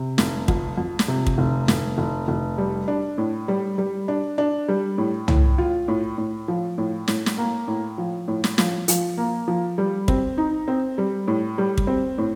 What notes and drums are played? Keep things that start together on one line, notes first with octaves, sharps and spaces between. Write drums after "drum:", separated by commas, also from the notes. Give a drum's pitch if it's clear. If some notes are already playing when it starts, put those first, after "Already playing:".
Already playing: C3
F1, drum: snare
F2, drum: kick
F2
drum: snare
C3
drum: kick
F1
F1, drum: snare
F1
F1
G3
D4
A2
G3
G3
D4
D4
G3
A2
A2, drum: tom
F4
A2
A2
F3
A2
A2, drum: snare
drum: snare
A#3
A2
F3
A2
drum: snare
F3, drum: snare
F3, drum: hi-hat
A#3
F3
G3
C4, drum: kick
D#4
C4
G3
A2
G3
drum: kick
C4
A2